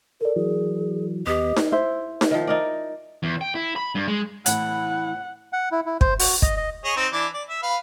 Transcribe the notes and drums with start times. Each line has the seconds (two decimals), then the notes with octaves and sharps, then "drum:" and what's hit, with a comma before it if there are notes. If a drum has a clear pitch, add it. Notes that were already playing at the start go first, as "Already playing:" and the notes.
0.21 A4 A#4 D5
0.36 E3 F#3 G#4
1.27 D#2 B3 G4 D#5 D#6
1.56 drum: snare D#4
1.72 E4 C5 E5
2.21 drum: snare D#4
2.31 D#3 F3
2.47 D#4 A#4 D5
3.23 E2
3.41 G5
3.55 E4
3.76 B5
3.95 G2
4.07 G#3
4.46 A2 E3 F#5, drum: hi-hat
5.53 F#5
5.72 E4
5.86 E4
6.01 C5, drum: kick
6.19 F#4, drum: open hi-hat
6.42 D#5, drum: kick
6.57 D#5
6.84 G#4 C#5 D#5
6.96 C4 D#4
7.13 E3 D4 D6
7.33 D5
7.48 E5
7.63 B4 F5